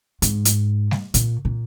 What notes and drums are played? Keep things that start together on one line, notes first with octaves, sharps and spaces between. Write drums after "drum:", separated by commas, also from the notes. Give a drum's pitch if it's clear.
G#2, drum: hi-hat
drum: hi-hat
drum: snare G3
A#2, drum: hi-hat
A#2